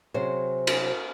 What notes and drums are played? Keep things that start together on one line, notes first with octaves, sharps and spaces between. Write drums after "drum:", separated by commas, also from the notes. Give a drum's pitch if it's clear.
C3 F#3 C#4 G#4 C5
drum: cymbal